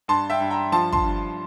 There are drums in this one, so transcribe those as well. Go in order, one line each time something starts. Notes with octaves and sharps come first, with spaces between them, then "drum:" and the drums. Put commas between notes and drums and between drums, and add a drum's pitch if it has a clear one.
G2 A5 C6
E5 G5
G2
G5 A#5
F3 A5 C6
A5 C6, drum: kick
G2